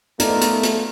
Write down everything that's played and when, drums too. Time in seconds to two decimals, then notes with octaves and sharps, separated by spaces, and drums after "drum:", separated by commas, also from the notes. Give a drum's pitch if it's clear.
0.20 A3 B3 D#4 F4 A#4 D5, drum: hi-hat
0.42 drum: hi-hat
0.63 drum: hi-hat